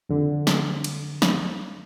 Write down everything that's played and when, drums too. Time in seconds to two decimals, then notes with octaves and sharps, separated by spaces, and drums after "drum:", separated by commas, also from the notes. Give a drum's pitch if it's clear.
0.09 F2 D3
0.47 drum: snare
0.84 drum: cymbal
1.22 drum: snare